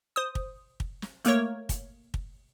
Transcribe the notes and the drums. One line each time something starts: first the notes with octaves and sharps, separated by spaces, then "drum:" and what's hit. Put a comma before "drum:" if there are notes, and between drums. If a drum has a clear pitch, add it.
C5 D#6
drum: kick
drum: kick
drum: snare
A3 A#3 A#4 C#5, drum: hi-hat
drum: kick, hi-hat
drum: kick